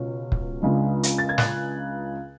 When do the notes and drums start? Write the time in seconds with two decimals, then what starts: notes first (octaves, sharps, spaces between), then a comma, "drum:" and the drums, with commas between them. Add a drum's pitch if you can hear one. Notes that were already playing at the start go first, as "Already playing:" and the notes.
Already playing: C#2 B2 C#4
0.32 drum: kick
0.62 C#2 C#3 G#3 D4
1.03 drum: hi-hat
1.18 A6
1.29 G#6
1.38 F#6, drum: snare